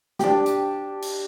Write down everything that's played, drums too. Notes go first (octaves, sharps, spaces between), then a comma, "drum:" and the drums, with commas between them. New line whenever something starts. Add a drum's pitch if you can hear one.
D4 G4, drum: snare
drum: hi-hat
drum: cymbal